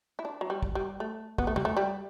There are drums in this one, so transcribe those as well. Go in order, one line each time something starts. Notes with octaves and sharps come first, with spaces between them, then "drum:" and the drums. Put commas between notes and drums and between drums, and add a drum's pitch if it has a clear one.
E4
D4
F#3
G3
drum: kick
G3
A3
B3, drum: kick
A3
G3, drum: tom
A3
G3